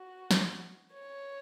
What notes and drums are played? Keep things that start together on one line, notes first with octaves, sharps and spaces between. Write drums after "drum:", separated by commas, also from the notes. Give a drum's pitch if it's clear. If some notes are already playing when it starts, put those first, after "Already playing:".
Already playing: F#4
drum: snare
C#5